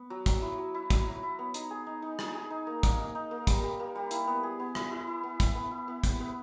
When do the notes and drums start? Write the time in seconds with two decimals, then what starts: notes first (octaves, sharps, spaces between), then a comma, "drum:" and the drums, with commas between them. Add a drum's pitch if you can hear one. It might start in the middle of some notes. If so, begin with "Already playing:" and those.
Already playing: B3
0.10 F#3
0.26 F#3, drum: kick, hi-hat
0.42 E4
0.58 F#3
0.74 E4
0.90 F#3, drum: kick, hi-hat
1.07 F#3
1.23 E4
1.39 B3
1.54 D#4, drum: hi-hat
1.71 G#4
1.87 D#4
2.02 D#4
2.19 G#4, drum: rim click
2.35 G#4
2.50 D#4
2.67 A#3
2.83 A#3, drum: kick, hi-hat
2.99 D#4
3.15 D#4
3.31 A#3
3.47 G3, drum: kick, hi-hat
3.63 G3
3.80 A#3
3.95 G3
4.11 E4, drum: hi-hat
4.27 B3
4.43 G#4
4.59 B3
4.75 E4, drum: rim click
4.91 E4
5.07 E4
5.23 B3
5.40 E4, drum: kick, hi-hat
5.55 B3
5.71 E4
5.88 B3
6.04 B3, drum: kick, hi-hat
6.20 B3